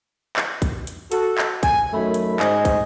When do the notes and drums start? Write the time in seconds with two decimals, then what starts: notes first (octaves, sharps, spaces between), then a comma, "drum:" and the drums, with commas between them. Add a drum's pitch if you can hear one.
0.36 drum: clap
0.62 drum: kick, hi-hat
0.87 drum: hi-hat
1.12 F#4 A4, drum: hi-hat
1.38 drum: clap
1.63 G#5, drum: kick, hi-hat
1.93 F#2 D#3 A3 B5
2.14 drum: hi-hat
2.40 G#2 C5 D#5 G#5, drum: clap
2.65 drum: kick, hi-hat